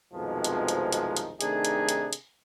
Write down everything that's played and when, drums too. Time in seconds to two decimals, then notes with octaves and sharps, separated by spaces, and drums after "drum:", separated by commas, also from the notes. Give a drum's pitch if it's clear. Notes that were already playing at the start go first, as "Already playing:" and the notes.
0.13 C2 F2 B2 D#3 F3 G#3
0.44 drum: hi-hat
0.68 drum: hi-hat
0.92 drum: hi-hat
1.17 drum: hi-hat
1.41 C3 D#3 A3 D4 D#4 G#4, drum: hi-hat
1.65 drum: hi-hat
1.89 drum: hi-hat
2.13 drum: hi-hat